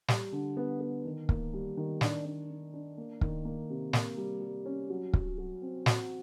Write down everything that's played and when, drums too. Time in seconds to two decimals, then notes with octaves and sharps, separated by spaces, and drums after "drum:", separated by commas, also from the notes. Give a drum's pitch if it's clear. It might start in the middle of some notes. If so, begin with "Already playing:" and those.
0.08 G3, drum: snare
0.32 D3
0.57 B3
0.80 B3
1.05 D#3
1.29 A#3, drum: kick
1.53 G3
1.77 D#3
2.01 D4, drum: snare
2.25 D4
2.49 D4
2.74 D4
2.98 A#3
3.21 D#3, drum: kick
3.45 A#3
3.70 C3
3.93 A#3, drum: snare
4.17 G3
4.41 G3
4.65 C#4
4.90 F#3
5.13 F#3, drum: kick
5.38 F#3
5.62 C4
5.86 F#4, drum: snare